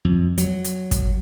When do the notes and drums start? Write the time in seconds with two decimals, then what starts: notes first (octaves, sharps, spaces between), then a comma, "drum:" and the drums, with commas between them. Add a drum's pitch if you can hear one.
0.05 F2
0.38 F#3, drum: hi-hat
0.64 drum: hi-hat
0.91 drum: kick, hi-hat